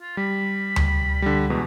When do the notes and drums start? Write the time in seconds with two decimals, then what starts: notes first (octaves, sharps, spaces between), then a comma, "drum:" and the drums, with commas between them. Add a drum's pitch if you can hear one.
0.01 F4
0.17 G3 B5
0.76 drum: tom D2
1.22 D3 G3
1.50 E2 B2 G#3